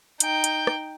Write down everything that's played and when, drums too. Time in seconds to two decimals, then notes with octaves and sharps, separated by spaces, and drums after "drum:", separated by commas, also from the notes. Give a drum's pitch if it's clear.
0.20 D#4 G5, drum: hi-hat
0.44 drum: hi-hat
0.67 drum: rim click